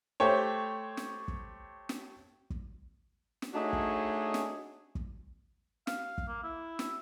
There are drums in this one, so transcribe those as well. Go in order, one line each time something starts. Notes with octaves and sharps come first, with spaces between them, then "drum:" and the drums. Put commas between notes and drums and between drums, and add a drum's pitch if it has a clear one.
A3 G4 C5 C#5
drum: snare
drum: kick
drum: snare
drum: kick
drum: snare
A3 D4 D#4 F#4 G#4 C#5
drum: kick
drum: snare
drum: kick
F5, drum: snare
drum: kick
A#3
E4
drum: snare